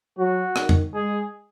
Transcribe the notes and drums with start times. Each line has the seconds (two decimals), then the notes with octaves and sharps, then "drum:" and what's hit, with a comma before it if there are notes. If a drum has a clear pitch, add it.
0.18 F#3 F#4
0.56 D#3, drum: rim click
0.69 drum: tom
0.93 G#3 G#4